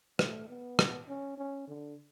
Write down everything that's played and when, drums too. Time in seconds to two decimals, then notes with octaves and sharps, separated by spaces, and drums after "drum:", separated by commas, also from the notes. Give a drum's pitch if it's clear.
0.19 A3, drum: rim click
0.49 B3
0.79 drum: rim click
1.08 C#4
1.38 C#4
1.68 D3